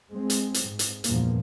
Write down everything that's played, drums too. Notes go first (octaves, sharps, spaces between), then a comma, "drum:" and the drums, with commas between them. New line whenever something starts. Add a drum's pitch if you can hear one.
G#3 C4
drum: hi-hat
drum: hi-hat
G#2
drum: hi-hat
E2 G2 A#2 F3 A#3, drum: hi-hat